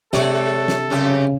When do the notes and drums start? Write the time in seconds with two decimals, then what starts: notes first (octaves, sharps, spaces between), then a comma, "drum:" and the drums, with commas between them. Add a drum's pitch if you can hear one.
0.13 C3 G#3 A4 C#5 D5, drum: snare
0.68 drum: snare
0.90 F#2 C#3 C#4 G4